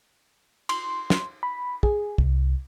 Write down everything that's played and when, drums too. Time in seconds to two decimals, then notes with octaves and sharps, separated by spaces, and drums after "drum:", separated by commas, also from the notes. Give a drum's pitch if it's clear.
0.69 C6, drum: cymbal
1.10 drum: snare
1.43 B5
1.83 G#4, drum: kick
2.18 C2, drum: kick